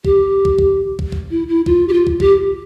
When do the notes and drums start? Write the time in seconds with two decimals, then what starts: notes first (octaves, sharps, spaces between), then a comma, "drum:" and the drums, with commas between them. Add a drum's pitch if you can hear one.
0.05 G4, drum: kick
0.45 drum: kick
0.59 drum: kick
0.99 drum: kick
1.12 drum: kick
1.31 E4
1.48 E4
1.66 F4, drum: kick
1.88 G4
1.93 F4
2.07 drum: kick
2.20 G4, drum: kick